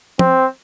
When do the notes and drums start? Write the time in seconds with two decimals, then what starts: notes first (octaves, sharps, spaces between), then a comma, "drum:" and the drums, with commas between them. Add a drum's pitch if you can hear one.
0.19 C4, drum: tom F3